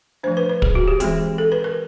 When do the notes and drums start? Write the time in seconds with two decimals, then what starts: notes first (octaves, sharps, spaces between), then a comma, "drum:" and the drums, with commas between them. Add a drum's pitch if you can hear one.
0.23 F3 A3 D4 C5
0.37 B4
0.49 B4
0.62 G#4, drum: kick
0.75 F#4
0.88 G4
1.00 E3 G#3 C4 G#4, drum: hi-hat
1.38 A4
1.52 B4
1.64 A#4